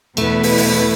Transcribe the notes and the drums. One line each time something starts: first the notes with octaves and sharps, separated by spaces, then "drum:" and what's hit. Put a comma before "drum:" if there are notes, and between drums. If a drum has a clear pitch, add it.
E2 B2 A3 B3 E4 B4, drum: cymbal
drum: open hi-hat
drum: open hi-hat